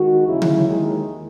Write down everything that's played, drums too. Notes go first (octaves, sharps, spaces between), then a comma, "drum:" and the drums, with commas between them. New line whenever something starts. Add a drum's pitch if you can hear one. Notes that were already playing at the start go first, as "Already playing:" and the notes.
Already playing: D#3 G#3 F#4
D#2 C#3 F#3 E4
drum: tom D3
D#2 D#3 G#3